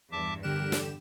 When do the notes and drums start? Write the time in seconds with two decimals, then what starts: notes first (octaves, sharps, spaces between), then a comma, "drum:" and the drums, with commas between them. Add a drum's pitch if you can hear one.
0.12 E2 G2 E5 A5 D6
0.43 D3 G4 A#4 F#6 E7
0.72 drum: snare